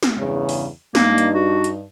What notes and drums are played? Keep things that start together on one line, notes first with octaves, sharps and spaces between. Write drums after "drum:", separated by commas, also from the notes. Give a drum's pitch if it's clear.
drum: snare
E2 G2 C#3
drum: open hi-hat
G2 A#3 D#4, drum: snare
drum: hi-hat
F#4
drum: hi-hat